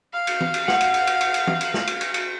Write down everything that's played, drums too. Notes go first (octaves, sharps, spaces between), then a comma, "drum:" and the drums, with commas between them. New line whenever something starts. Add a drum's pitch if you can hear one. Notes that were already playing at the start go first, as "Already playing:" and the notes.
F5
drum: cymbal
drum: tom
drum: cymbal
F#5, drum: snare
drum: cymbal
drum: cymbal
drum: cymbal
drum: cymbal
drum: cymbal
drum: tom
drum: cymbal
drum: snare
drum: cymbal
drum: cymbal
drum: cymbal